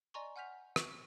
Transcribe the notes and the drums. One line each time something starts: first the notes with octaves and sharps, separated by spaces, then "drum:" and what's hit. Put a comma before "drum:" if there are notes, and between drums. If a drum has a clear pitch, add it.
D5 D#5 G#5 A#5 C6 C#6
F#5 G#5 F6 G6 B6 F7
C#6 D6, drum: rim click